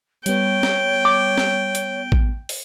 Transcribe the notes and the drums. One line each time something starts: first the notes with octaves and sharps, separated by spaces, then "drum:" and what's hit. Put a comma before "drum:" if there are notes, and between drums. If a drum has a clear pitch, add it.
G3 B3 C#5 G5, drum: hi-hat
drum: snare
D6
drum: snare
drum: hi-hat
drum: kick A1
drum: open hi-hat